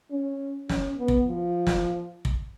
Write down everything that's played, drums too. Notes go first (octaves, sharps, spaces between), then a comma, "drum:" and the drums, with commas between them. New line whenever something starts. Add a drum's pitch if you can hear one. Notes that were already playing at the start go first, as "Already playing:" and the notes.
C#4
C#4, drum: snare
B3
drum: kick
F3
drum: snare
drum: kick